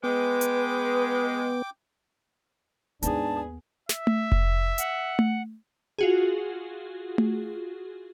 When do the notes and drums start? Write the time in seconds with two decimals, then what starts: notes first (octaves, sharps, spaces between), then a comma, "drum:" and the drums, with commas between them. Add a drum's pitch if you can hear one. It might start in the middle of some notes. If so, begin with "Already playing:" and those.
0.04 G#3 B3 B4 G5 D6
0.41 drum: hi-hat
3.03 D#2 G#2 B3 D4 G#4 B4 A5, drum: hi-hat
3.89 E5, drum: snare
4.07 drum: tom A3
4.32 drum: kick F1
4.78 F#5, drum: hi-hat
5.19 drum: tom A3
5.99 F4 F#4 G#4
7.18 drum: tom A3